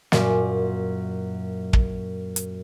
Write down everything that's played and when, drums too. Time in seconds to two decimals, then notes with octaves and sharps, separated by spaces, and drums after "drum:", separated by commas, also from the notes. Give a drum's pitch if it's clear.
0.12 F#2 A#2, drum: snare
1.73 drum: kick
2.36 drum: hi-hat